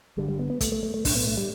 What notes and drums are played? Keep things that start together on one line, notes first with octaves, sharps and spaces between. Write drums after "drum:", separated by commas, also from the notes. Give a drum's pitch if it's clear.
G1 G2 D3 G3
G3
B3
B3
A3, drum: kick, hi-hat
A3
A3
A3
B1 A2 D4, drum: kick, open hi-hat
B3
A3
G3